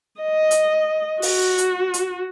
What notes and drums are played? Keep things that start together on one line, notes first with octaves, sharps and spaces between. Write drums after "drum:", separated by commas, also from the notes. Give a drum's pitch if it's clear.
D#5
drum: hi-hat
F#4, drum: open hi-hat
drum: hi-hat
drum: hi-hat